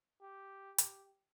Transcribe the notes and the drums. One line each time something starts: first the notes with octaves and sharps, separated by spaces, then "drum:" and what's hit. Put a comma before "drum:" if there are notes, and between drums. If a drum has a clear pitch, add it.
G4
G4, drum: hi-hat